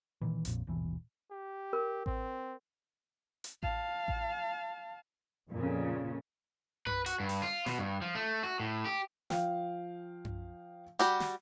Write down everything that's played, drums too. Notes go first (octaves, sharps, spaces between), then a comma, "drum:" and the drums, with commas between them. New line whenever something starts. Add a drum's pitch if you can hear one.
A#2 D#3 E3
A#1 F2 A#2, drum: hi-hat
D#1 G#1 B2 E3
G4
A#4
C4, drum: kick A1
drum: hi-hat
F5 A5, drum: kick A1
drum: kick A1
F2 A#2 C#3
B4, drum: tom F#2
F#4, drum: hi-hat
G2
drum: open hi-hat
F4
B2, drum: snare
G2
F3
A3
F#4
A2
G4
F3 F5 G5, drum: snare
drum: tom F#2
G3 F#4 G4, drum: hi-hat
drum: snare